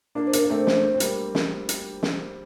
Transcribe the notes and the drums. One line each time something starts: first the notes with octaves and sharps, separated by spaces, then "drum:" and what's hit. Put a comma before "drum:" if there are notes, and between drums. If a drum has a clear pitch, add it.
A#3 D4 A#4
C5
A#3 D4, drum: hi-hat
A#4
A#3
A3 C4 C5
drum: snare
C4
G3 A#3, drum: hi-hat
drum: snare
drum: hi-hat
drum: snare